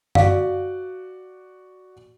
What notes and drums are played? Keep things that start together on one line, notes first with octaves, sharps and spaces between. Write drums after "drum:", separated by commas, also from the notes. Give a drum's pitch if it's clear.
F#4 D5 F5, drum: tom F#2